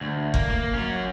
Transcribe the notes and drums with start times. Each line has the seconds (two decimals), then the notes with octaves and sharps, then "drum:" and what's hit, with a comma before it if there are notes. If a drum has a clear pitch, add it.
0.01 D2
0.34 A#3, drum: kick F#1
0.50 A#3
0.73 F#3 C#4